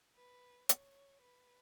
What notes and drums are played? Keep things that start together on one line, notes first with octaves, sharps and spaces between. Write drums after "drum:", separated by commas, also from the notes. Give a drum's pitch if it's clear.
B4
C#5, drum: hi-hat
B4